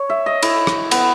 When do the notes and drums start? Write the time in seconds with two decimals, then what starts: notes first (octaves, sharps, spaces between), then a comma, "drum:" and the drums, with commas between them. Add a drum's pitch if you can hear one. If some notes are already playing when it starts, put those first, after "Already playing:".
Already playing: C#5
0.10 E5
0.26 D#5
0.42 E4, drum: cymbal
0.67 drum: rim click
0.91 B3, drum: cymbal